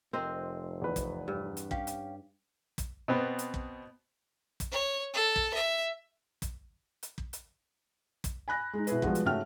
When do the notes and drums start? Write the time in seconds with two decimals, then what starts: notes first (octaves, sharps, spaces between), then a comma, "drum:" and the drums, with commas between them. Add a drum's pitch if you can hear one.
0.13 F1 C4 A#4 C5 D#5
0.82 E2 B4
0.96 drum: kick, hi-hat
1.28 G2
1.57 drum: hi-hat
1.71 C#4 G4 F5, drum: kick
1.87 drum: hi-hat
2.78 drum: kick, hi-hat
3.08 B2 B3 C4
3.39 drum: hi-hat
3.54 drum: kick
4.60 drum: kick, hi-hat
4.72 C#5
5.14 A4
5.36 drum: kick
5.54 E5
6.42 drum: kick, hi-hat
7.03 drum: hi-hat
7.18 drum: kick
7.33 drum: hi-hat
8.24 drum: kick, hi-hat
8.48 G#5 B5 F#6 A#6
8.73 G#3 D#4
8.87 B2 E4 G#4 B4, drum: hi-hat
9.02 F3 G3 G#3 B3 F#4, drum: kick
9.15 drum: hi-hat
9.25 G#2 C#3 A3 F#4 G5 F6